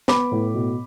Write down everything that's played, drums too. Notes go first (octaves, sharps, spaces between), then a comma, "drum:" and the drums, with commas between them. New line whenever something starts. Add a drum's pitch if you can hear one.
B3 B5 D6, drum: snare
A2
B2